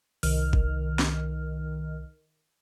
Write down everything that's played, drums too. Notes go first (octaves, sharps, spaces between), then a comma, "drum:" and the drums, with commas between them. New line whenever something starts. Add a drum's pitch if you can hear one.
C2 D#3 F6, drum: open hi-hat
drum: kick G1
drum: snare